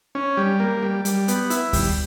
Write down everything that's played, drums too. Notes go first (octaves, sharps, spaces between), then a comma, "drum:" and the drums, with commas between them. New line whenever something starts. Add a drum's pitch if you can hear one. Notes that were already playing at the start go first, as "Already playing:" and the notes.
C#4
G3
A#3
G3
G3, drum: hi-hat
B3, drum: hi-hat
E4, drum: hi-hat
G3, drum: kick D2, open hi-hat